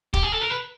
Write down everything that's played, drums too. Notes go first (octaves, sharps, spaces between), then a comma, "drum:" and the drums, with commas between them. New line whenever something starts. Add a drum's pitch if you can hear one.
G4, drum: kick
G#4
A4
A#4
B4